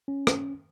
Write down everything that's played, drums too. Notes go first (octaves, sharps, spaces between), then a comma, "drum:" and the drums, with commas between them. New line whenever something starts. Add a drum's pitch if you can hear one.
C#4
drum: rim click